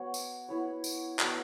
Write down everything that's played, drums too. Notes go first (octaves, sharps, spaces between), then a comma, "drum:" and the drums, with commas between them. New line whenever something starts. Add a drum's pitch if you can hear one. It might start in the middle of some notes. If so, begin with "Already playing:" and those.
Already playing: B3 F#4 C#5
drum: tambourine
B3 E4 C#5
drum: tambourine
B3 F#4 E5, drum: clap